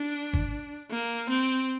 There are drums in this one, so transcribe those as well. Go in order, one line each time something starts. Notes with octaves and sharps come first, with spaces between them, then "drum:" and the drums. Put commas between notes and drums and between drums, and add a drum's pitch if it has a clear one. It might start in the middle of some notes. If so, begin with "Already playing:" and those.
Already playing: D4
drum: kick
A#3
C4